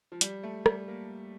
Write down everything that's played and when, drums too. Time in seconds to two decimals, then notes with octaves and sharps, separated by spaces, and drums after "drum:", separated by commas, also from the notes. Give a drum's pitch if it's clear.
0.12 F3
0.21 G3, drum: hi-hat
0.43 A3
0.66 G3, drum: rim click
0.88 A#3